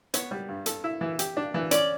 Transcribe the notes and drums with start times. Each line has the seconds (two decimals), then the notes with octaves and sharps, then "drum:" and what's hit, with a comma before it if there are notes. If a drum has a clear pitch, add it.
0.14 B3 C#5, drum: hi-hat
0.31 G3
0.48 G2
0.66 A4, drum: hi-hat
0.84 E4
1.01 E3
1.19 G4, drum: hi-hat
1.37 D4
1.54 E3
1.71 C#4 D5, drum: hi-hat